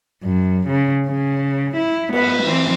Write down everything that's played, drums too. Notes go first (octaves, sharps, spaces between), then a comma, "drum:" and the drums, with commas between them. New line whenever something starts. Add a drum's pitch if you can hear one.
F#2
C#3
C#3
E4
B3 B4, drum: cymbal
E3 C4